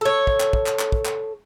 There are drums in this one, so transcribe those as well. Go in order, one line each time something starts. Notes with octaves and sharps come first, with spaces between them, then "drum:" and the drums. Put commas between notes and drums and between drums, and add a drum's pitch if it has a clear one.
A4 C#5
drum: kick
drum: clap
drum: kick
drum: clap
drum: clap
drum: kick
drum: clap